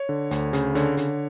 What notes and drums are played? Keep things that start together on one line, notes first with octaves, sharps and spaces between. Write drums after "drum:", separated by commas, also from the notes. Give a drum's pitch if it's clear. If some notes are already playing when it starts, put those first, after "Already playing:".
Already playing: C#5
D3
D2, drum: hi-hat
C#3, drum: hi-hat
D3 C#5, drum: hi-hat
D3, drum: hi-hat